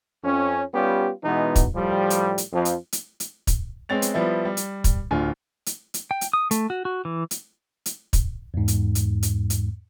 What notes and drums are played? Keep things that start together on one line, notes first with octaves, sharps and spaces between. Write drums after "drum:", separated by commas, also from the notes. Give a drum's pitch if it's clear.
F2 C#4
G3 B3 C#4 F4 G4
B2 E3 G#3 B3 D#4
drum: kick, hi-hat
A2 F3 G3
drum: hi-hat
drum: hi-hat
F2 F3
drum: hi-hat
drum: hi-hat
drum: hi-hat
drum: kick, hi-hat
G#3 B3 C4 C#5 A6 F7
drum: hi-hat
F3 G3 B3 E4
G3
drum: hi-hat
drum: kick, hi-hat
D1 D3 F4 G#5
drum: hi-hat
drum: hi-hat
G5
drum: hi-hat
D#6
A3, drum: hi-hat
F#4
F#4
E3
drum: hi-hat
drum: hi-hat
drum: kick, hi-hat
E2 G#2
drum: hi-hat
drum: hi-hat
drum: hi-hat
drum: hi-hat